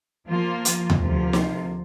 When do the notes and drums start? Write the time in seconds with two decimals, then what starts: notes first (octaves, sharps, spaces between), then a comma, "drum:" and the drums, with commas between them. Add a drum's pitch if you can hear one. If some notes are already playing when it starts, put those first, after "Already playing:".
0.26 F3 A#3 F4
0.65 drum: hi-hat
0.90 drum: tom E2
0.99 D2 C3 F3 A#3 F4
1.33 drum: snare